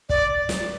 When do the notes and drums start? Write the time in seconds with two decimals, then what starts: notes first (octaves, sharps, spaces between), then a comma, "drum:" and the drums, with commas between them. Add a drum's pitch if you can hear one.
0.09 D5, drum: kick
0.49 drum: snare